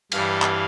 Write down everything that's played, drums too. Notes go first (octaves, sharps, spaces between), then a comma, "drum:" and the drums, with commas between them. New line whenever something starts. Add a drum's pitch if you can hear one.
G2 E3 G3 F5, drum: cymbal
drum: clap